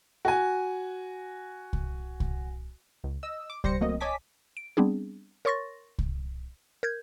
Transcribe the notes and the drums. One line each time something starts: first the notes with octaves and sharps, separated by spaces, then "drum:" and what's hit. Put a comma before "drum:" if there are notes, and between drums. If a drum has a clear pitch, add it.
F#4 G#5
drum: kick C2
drum: kick C2
C#2
D#5 E6
D6
G3 C5 A#6 C#7, drum: kick C2
F#3 A3 A#3 C4 D#5
C#5 D#5 G#5 A5 D6 B6
D7
G3 B3 C4 D4 G#4
A#4 C#5 C6 C#6 A6 A#6
drum: kick C2
A#4 G6 G#6